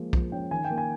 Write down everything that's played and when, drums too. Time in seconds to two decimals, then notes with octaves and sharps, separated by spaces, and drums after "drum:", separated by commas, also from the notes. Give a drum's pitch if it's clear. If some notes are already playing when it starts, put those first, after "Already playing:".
Already playing: F3 G#3 A#3
0.13 F3, drum: kick B1
0.32 C#4 G5
0.51 D#3 G#5
0.64 G5
0.70 A#3
0.78 G#5